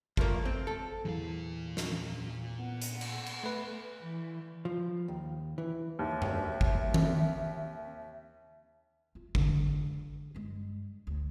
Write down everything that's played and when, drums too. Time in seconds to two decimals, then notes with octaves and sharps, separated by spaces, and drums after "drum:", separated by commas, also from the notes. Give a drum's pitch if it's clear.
0.17 F3 A3 A#3, drum: kick
0.45 C4
0.67 A4
1.05 E2 A#2 F5
1.77 drum: snare
2.58 B3 F#5
2.82 drum: hi-hat
3.01 drum: cymbal
3.26 drum: cymbal
3.44 A3 B4
4.02 E3
4.65 F3
5.08 D#2
5.58 E3
5.99 D#2 E5
6.22 drum: tom F#2
6.61 drum: kick
6.94 drum: tom D#3
9.15 F4
9.35 D3, drum: kick
10.35 G2 G#3
11.07 D2